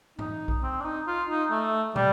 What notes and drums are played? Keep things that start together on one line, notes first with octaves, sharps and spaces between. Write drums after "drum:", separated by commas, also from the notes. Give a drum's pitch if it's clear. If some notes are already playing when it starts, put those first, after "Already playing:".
D#4, drum: tom G#2
drum: kick B1
C4
D4
D#4
F4
D#4
A3
G3, drum: tom